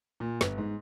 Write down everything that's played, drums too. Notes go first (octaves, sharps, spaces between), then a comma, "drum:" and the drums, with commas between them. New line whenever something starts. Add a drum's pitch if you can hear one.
A#2
G1, drum: snare
G#2